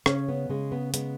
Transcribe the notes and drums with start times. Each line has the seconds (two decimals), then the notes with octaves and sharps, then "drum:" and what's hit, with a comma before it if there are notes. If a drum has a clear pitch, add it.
0.06 C#3 C#4, drum: rim click
0.28 B3
0.49 C#3 G#3
0.72 B3
0.94 G#3 B3, drum: hi-hat